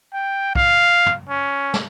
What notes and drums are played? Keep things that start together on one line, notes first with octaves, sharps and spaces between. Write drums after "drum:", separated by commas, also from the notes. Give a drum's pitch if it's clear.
G5
F5, drum: kick
drum: tom
C#4
drum: snare